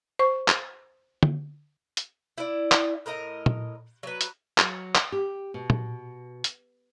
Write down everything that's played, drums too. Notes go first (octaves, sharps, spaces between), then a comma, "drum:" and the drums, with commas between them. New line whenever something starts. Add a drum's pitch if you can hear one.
C5 C#6
drum: clap
drum: tom
drum: hi-hat
E4 D5
drum: clap
A2 A#4 D#5 A#5
drum: tom
F#3 B4
drum: hi-hat
F#3, drum: clap
drum: clap
G4
B2
drum: tom
drum: hi-hat